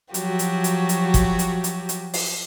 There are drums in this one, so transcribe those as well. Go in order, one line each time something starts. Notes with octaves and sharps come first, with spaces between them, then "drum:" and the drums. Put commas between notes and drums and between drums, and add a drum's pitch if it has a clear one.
F3 F#3 F#4 G4, drum: hi-hat
drum: hi-hat
drum: hi-hat
drum: hi-hat
drum: kick G1, hi-hat
drum: hi-hat
drum: hi-hat
drum: hi-hat
drum: open hi-hat